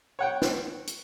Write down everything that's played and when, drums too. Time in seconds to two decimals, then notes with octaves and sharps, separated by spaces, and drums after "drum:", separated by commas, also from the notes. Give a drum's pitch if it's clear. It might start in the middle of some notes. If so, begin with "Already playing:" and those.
0.19 C#5 F#5 G5
0.42 drum: snare
0.87 drum: hi-hat